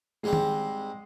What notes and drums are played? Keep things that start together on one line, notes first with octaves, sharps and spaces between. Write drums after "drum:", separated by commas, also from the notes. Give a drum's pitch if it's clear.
G#2 G3 G#3 C4
drum: tom D#3